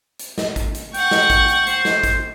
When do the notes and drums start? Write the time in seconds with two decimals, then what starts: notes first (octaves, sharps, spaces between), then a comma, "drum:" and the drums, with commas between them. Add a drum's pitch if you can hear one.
0.19 drum: hi-hat
0.38 drum: snare
0.56 drum: kick, hi-hat
0.74 drum: hi-hat
0.94 F#5 G5 C#6, drum: hi-hat
1.11 drum: snare
1.30 drum: kick, hi-hat
1.48 drum: hi-hat
1.67 C5, drum: hi-hat
1.85 drum: snare
2.03 drum: kick, hi-hat